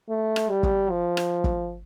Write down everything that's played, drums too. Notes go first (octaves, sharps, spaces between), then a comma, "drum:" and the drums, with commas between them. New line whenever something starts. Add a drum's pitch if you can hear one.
A3
drum: rim click
G3
drum: kick
F3
drum: rim click
drum: kick